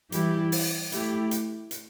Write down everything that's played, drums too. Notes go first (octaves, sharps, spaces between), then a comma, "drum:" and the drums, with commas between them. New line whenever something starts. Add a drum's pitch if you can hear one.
E3 G3 E4 G4, drum: hi-hat
drum: open hi-hat
A3 E4 G4, drum: hi-hat
drum: hi-hat
drum: hi-hat